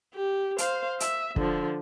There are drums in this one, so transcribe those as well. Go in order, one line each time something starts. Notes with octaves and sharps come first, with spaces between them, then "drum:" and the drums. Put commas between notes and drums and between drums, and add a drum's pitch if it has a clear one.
G4
C5 F5, drum: hi-hat
E5, drum: hi-hat
D3 F3, drum: kick